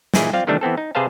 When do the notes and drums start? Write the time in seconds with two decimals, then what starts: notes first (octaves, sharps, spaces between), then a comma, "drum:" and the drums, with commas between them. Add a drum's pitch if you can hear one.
0.14 A#2 C#3 E3 D#4 E4 G#4, drum: snare
0.33 C4 F4 D5 F5
0.47 C3 D#3 E3 G3 A3 D4
0.61 E3 B3 C4 A4
0.77 D#4
0.95 C3 G#4 B4 C5 F5 A5